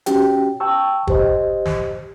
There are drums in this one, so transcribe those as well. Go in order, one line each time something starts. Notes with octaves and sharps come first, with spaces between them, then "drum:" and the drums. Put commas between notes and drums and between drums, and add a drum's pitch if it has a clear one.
C#4 F#4 G4 G5, drum: hi-hat
G5 A5 C#6 E6
G4 C5 D#5, drum: kick
drum: snare